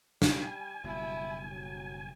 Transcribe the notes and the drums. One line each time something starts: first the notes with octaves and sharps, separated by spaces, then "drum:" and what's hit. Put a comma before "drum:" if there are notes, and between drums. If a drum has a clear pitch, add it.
G3 G#5, drum: snare
F#1 B2 G3 E4
F#3